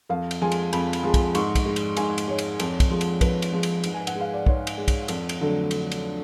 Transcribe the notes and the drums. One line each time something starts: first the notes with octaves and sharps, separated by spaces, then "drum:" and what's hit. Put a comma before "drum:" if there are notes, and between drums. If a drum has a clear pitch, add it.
F2 F5
drum: cymbal
F3 G#3 G#5
drum: cymbal
F2 B5, drum: cymbal
drum: cymbal
F3 G#3
drum: kick, cymbal
G#2 C#6, drum: cymbal
drum: kick, cymbal
G#3
drum: cymbal
G#2 G#5, drum: cymbal
drum: cymbal
G#3 C#5
drum: cymbal
F2, drum: cymbal
drum: kick, cymbal
F3 G#3
drum: cymbal
F2 B4, drum: kick, cymbal
drum: cymbal
F3 G#3
drum: cymbal
G#2, drum: cymbal
G#5
F#5, drum: cymbal
G#3
F5
D5
G#2 C#5, drum: kick
drum: cymbal
G#3
drum: kick, cymbal
F2, drum: cymbal
drum: cymbal
D3 F#3 A3
drum: cymbal
drum: cymbal